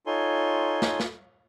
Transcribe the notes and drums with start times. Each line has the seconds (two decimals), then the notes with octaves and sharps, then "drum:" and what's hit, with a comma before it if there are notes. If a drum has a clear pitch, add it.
0.07 D#4 F4 A4 C#5 G#5 C6
0.82 drum: snare
1.00 drum: snare